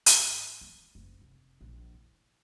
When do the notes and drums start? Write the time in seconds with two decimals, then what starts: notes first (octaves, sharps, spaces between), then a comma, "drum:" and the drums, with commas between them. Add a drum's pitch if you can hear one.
0.06 G#2, drum: hi-hat
0.61 B3
0.95 F#1
1.22 F1
1.61 A#1
1.94 E4